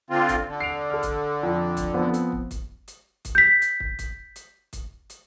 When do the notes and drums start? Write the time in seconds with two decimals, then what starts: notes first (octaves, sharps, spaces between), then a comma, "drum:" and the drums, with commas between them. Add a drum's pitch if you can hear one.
0.10 D3 C4 F4
0.29 drum: kick, hi-hat
0.48 D3
0.60 C7 D7 F7
0.90 A4 F6
1.03 drum: kick, hi-hat
1.43 F2
1.77 drum: kick, hi-hat
1.94 F3 B3 C4
2.14 drum: hi-hat
2.32 drum: kick
2.51 drum: kick, hi-hat
2.88 drum: hi-hat
3.25 drum: kick, hi-hat
3.35 G6 B6
3.62 drum: hi-hat
3.80 drum: kick
3.99 drum: kick, hi-hat
4.36 drum: hi-hat
4.73 drum: kick, hi-hat
5.10 drum: hi-hat